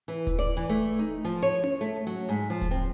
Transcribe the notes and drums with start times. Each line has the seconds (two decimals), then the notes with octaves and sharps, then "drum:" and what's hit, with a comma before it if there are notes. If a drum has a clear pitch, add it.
0.08 E3
0.27 drum: kick D#1, hi-hat
0.39 D5
0.57 E3
0.69 A3
0.99 D#4
1.25 F3, drum: hi-hat
1.42 C#5
1.64 drum: tom C#4
1.81 A3
2.07 F#3
2.29 G#2
2.50 F3
2.61 drum: kick D#1, hi-hat
2.71 C4